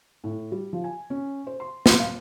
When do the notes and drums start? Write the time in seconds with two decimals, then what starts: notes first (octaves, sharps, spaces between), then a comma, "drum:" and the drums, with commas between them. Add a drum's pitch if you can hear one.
0.24 A2
0.52 G3
0.73 F3
0.84 G#5
1.10 C#4
1.47 C5
1.60 C6
1.86 C6, drum: snare
1.99 F5